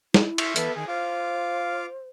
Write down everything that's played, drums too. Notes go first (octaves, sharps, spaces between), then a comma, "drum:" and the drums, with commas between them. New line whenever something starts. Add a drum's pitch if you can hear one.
E4, drum: snare
E5 C6 C#6, drum: cymbal
E3 B3 A4 E5, drum: hi-hat
D#3 G#4
F4 C5 F5 D6